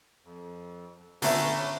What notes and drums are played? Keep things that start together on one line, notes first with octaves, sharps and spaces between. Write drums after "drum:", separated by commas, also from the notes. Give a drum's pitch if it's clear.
F2
D3 A3 B3 C#4 B4 A#5, drum: open hi-hat